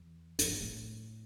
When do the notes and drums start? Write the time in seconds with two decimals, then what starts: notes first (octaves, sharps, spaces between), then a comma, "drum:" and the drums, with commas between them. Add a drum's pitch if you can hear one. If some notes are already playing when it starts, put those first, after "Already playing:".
Already playing: E2
0.39 F2, drum: hi-hat
0.48 G2
0.60 A2